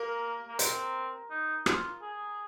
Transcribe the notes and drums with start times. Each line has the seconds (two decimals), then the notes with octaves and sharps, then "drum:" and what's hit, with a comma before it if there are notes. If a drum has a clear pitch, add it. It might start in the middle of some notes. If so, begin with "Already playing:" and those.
Already playing: A#3 A#4
0.48 A#3
0.59 C4, drum: hi-hat
1.30 D#4
1.66 F4, drum: rim click
2.02 G#4